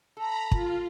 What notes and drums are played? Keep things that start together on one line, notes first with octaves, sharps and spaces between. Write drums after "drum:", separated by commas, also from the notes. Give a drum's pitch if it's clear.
A4 A#5 B5
F4, drum: kick